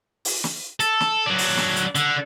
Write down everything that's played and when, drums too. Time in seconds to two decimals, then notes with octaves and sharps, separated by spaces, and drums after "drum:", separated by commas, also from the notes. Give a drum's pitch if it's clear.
0.25 drum: open hi-hat
0.44 drum: snare
0.80 A4, drum: hi-hat
1.01 drum: snare
1.26 F#3 D4
1.38 drum: open hi-hat
1.57 drum: snare
1.76 drum: hi-hat
1.95 D3, drum: hi-hat